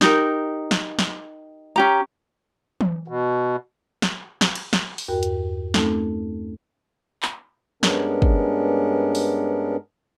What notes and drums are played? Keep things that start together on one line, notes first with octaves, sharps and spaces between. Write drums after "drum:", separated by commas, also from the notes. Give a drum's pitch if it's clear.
D#4 G4 A#4, drum: snare
drum: snare
drum: snare
C#4 G4 A#5
drum: tom E3
B2
drum: snare
drum: snare
drum: cymbal
drum: snare
drum: open hi-hat
E2 G2 F#4 A#4 G5
drum: hi-hat
A3 C4 C#4 D#4 A4, drum: snare
drum: clap
G2 G#3 B3 C#4 D4 A#4, drum: snare
drum: kick
drum: open hi-hat